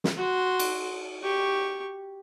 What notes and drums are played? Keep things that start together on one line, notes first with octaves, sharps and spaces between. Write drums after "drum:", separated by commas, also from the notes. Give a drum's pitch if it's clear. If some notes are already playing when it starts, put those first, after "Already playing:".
drum: snare
F#4 C6
drum: cymbal
G4 C#6